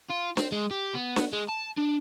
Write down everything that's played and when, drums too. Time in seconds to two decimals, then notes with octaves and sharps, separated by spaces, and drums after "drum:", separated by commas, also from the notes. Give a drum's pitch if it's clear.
0.10 F4
0.37 C4, drum: snare
0.52 G#3
0.71 G4
0.94 B3
1.16 drum: snare
1.33 G#3
1.48 A5
1.77 D4